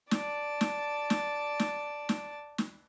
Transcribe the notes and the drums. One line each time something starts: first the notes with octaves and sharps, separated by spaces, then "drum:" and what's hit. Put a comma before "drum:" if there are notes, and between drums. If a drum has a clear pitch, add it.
D5 A5, drum: snare
drum: snare
drum: snare
drum: snare
drum: snare
drum: snare